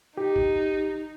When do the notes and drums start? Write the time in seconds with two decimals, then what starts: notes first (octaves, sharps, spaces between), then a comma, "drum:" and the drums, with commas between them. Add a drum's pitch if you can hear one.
0.17 D#4 G4
0.36 drum: kick G#1